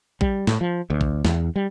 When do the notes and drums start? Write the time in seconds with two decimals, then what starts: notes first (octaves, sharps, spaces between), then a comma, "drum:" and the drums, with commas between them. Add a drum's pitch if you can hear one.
0.21 G3, drum: kick
0.47 A2, drum: snare
0.61 F3
0.90 D2
1.01 drum: kick
1.25 E2, drum: snare
1.56 G3